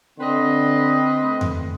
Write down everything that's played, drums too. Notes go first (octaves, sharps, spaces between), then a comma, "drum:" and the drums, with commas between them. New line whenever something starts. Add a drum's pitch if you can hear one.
D3 C4 B4 D#5 C6
A3
drum: tom E2